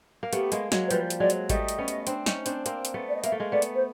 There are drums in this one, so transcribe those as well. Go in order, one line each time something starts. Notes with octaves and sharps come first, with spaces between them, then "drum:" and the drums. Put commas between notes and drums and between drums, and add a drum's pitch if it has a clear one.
A#3
A3 B3 G4, drum: hi-hat
G#3 A#3, drum: hi-hat
F#3 G#3, drum: snare
C5
F3 G3 B4, drum: hi-hat
drum: hi-hat
F#3 G#3 D5
drum: hi-hat
G3 A3 D#5, drum: kick G#1, hi-hat
drum: hi-hat
B3 C#4
drum: hi-hat
C4 D4, drum: hi-hat
C#4 D#4, drum: snare
C4 D4, drum: hi-hat
A#3 C4, drum: hi-hat
drum: hi-hat
A3 B3
D5
D#5
A#3 E5, drum: hi-hat
A3
G#3 A#3
A3 B3 D5
drum: hi-hat
C5